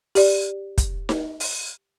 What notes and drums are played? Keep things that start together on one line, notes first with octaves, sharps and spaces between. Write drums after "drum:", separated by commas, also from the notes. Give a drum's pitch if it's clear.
G4 D5, drum: open hi-hat
drum: kick, hi-hat
drum: snare D#4
drum: open hi-hat